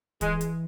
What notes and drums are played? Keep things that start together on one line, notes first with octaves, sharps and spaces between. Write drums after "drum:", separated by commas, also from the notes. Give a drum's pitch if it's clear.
E3 G#3, drum: kick, hi-hat
drum: hi-hat